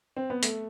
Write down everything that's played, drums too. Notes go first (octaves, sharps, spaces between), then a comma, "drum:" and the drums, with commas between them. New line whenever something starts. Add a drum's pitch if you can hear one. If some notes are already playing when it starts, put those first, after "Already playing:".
C4
B3
A3, drum: hi-hat